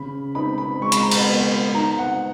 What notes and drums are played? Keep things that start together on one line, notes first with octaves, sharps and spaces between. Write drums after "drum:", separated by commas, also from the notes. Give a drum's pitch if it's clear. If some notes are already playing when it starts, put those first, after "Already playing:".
Already playing: C#3 B5
D#4 B5
B5
G#3 C#6
B5, drum: hi-hat
A#5
B5, drum: cymbal
B3
D#4 A#5
F#5